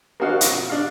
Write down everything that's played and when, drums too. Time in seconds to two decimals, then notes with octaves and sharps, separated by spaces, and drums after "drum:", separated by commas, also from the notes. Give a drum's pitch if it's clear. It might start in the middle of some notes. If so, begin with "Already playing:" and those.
0.20 A#3 C4 D4 F#4 D#5 F5
0.41 A#2, drum: hi-hat
0.70 D4 F5